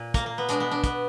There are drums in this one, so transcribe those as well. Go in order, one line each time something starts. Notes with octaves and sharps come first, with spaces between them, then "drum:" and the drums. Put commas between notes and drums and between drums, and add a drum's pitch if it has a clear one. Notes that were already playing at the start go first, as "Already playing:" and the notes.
Already playing: A#2
A#3, drum: kick, hi-hat
A#3
B3
B2 G#3 D4, drum: hi-hat
B3
D4
B3, drum: kick, hi-hat